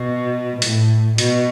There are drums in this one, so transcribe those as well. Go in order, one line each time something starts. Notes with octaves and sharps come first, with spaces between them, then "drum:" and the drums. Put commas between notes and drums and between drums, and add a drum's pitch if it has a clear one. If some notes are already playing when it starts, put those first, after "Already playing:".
Already playing: B2
A2, drum: hi-hat
B2, drum: hi-hat